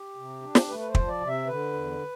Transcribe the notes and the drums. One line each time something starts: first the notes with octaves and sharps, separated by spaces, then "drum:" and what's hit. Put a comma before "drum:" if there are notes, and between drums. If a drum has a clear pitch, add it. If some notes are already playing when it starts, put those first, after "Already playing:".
Already playing: G4
C3
D4
drum: snare
A3 B4
B4
C5
F3, drum: kick
D5
C3
E5
D3 B4
E2